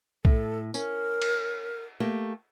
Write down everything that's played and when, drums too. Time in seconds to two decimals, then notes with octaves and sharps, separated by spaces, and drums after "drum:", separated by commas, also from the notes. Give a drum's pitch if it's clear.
0.25 A2 A4, drum: kick B1
0.74 C#4 A#4, drum: tambourine
1.22 drum: cymbal
2.00 A3 A#3 G4